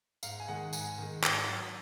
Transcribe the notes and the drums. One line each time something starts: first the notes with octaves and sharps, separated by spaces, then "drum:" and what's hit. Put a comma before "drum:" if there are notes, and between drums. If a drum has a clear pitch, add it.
G#2 F5, drum: tambourine
G#5
D#3 G#3 F#5
G#2 G#5, drum: tambourine
D#3 G#3
G#2, drum: clap
F#3